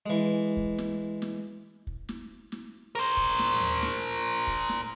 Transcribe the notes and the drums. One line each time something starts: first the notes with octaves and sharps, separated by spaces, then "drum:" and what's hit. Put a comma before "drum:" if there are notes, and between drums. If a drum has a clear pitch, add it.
E3 G#3
drum: kick
drum: snare
drum: snare
drum: kick
drum: snare
drum: snare
A#4 C5
drum: kick
drum: snare
drum: tom D#2
drum: snare
drum: kick
drum: snare